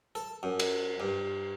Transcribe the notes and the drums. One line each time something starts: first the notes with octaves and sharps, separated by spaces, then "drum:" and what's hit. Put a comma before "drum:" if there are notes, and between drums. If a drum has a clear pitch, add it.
A4
F#2
drum: cymbal
G2